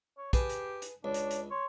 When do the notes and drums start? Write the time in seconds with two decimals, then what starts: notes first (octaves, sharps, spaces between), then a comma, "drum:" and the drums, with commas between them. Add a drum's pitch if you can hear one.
0.18 C#5
0.33 G4 G#4 B4 A5, drum: kick, hi-hat
0.49 drum: hi-hat
0.82 drum: hi-hat
1.04 C#2 D4 C#5
1.14 drum: hi-hat
1.31 drum: hi-hat
1.50 C#5 C6